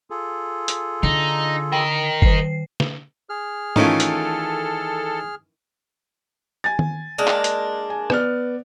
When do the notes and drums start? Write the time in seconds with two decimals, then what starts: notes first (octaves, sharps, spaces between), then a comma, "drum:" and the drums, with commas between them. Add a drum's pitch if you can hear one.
0.10 F4 G#4 A4
0.68 drum: hi-hat
1.03 D3 D#4
1.72 A#4 D#5 G5
2.22 D#3 C7, drum: kick F#1
2.80 drum: snare
3.29 G#4 F6
3.76 D#3 E3 A3 C#4 D#4 F4 A4, drum: tom G#2
4.00 drum: hi-hat
6.64 G#5 A6
6.79 drum: tom D#3
7.18 G#3 A#3 D4
7.27 drum: clap
7.44 drum: hi-hat
7.90 G#5
8.10 B3 D5 F6, drum: rim click